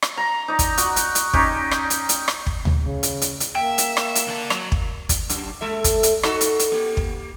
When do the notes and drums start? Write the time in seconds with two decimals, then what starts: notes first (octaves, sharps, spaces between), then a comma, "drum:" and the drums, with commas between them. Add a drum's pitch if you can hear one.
0.02 drum: rim click
0.17 A#5
0.48 D#4 D5
0.59 drum: kick, hi-hat
0.78 F#4, drum: hi-hat
0.96 drum: hi-hat
1.15 drum: hi-hat
1.33 C#4 D#4 G4, drum: kick
1.71 drum: rim click
1.90 drum: hi-hat
2.09 drum: hi-hat
2.28 drum: rim click
2.46 drum: kick
2.65 drum: tom D2
2.79 C#3
3.03 drum: hi-hat
3.22 drum: hi-hat
3.40 drum: hi-hat
3.55 A#3 E5 G5
3.78 drum: hi-hat
3.97 drum: rim click
4.15 drum: hi-hat
4.28 D3 A5
4.50 F#3 F7, drum: rim click
4.72 drum: kick
5.09 drum: kick, hi-hat
5.30 F#2, drum: hi-hat
5.61 G#3 A4 E5
5.84 drum: kick, hi-hat
6.03 drum: hi-hat
6.23 D#4 F#4 A4, drum: rim click
6.41 drum: hi-hat
6.59 drum: hi-hat
6.72 A#3 G4
6.97 drum: kick